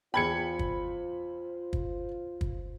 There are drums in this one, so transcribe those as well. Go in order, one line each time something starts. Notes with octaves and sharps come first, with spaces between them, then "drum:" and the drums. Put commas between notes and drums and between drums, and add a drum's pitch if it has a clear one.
E2 F4 C5 G5 B5 G#6 C#7
drum: kick
drum: kick
drum: kick